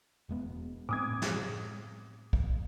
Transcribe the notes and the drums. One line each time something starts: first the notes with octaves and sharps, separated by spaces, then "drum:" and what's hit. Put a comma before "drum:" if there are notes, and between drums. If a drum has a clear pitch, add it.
E1 G#3 B3
A2 B3 C4 D6 D#6 G#6
drum: snare
drum: kick